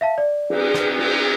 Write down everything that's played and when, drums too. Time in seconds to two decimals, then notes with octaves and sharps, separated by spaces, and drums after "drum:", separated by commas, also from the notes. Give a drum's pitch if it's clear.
0.01 E5 F5 A5
0.18 D5
0.50 drum: cymbal
0.74 drum: rim click
0.99 drum: cymbal